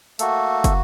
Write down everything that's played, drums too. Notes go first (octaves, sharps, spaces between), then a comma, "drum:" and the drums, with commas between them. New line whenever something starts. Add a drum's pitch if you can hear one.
A3 A#3 F#4 A4, drum: hi-hat
drum: kick, hi-hat